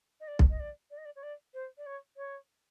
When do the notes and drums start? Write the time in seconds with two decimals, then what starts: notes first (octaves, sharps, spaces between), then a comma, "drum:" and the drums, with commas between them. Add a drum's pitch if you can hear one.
0.20 D#5
0.27 D5
0.39 drum: kick B1
0.50 D#5
0.59 D5
0.90 D5
0.97 D#5
1.05 D5
1.15 C#5
1.22 D5
1.54 C5
1.77 D5
1.86 C#5
2.16 C#5